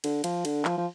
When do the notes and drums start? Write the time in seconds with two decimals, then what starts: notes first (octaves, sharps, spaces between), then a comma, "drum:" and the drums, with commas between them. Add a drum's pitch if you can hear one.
0.04 D3, drum: cymbal
0.24 F3, drum: cymbal
0.45 D3, drum: cymbal
0.65 F3, drum: clap
0.78 F3